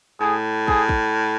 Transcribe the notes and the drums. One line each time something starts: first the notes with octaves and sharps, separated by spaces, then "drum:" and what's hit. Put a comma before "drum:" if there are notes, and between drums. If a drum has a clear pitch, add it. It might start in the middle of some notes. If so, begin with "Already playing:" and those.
A2 G#4
G#4, drum: kick
drum: kick